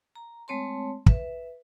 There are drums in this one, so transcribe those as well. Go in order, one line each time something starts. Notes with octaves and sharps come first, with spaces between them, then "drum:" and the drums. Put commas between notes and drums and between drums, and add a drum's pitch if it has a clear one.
A#5
G#3 A3 C4 C#5 A5 C6
B4 E5, drum: kick